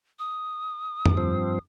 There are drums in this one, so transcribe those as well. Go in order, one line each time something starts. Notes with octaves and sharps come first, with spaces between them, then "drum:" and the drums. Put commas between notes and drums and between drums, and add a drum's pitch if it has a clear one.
D#6
drum: tom
G2 F3 C4